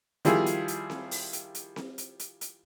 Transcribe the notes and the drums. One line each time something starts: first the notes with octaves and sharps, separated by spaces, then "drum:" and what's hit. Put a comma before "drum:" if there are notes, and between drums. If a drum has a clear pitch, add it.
D#3 F3 G3 E4 F4 G#4, drum: hi-hat
drum: hi-hat
drum: hi-hat
drum: snare C4
drum: open hi-hat
drum: hi-hat
drum: hi-hat
drum: snare C4
drum: hi-hat
drum: hi-hat
drum: hi-hat